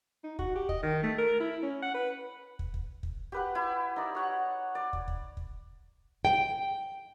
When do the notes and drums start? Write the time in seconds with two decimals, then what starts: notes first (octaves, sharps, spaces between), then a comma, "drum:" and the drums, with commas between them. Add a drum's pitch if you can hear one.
0.24 D#4
0.39 F#4, drum: kick
0.55 G4
0.69 D#5, drum: kick
0.83 D#3
1.03 A3
1.18 A#4
1.40 E4
1.62 C#4
1.83 F#5
1.94 B4
2.59 drum: kick
2.74 drum: kick
3.03 drum: kick
3.32 G4 B4 F#5
3.55 E4
3.96 D#4 D5
4.15 C#5 F#5 C#6
4.75 D5
4.93 drum: kick
5.08 drum: kick
5.37 drum: kick
6.25 G5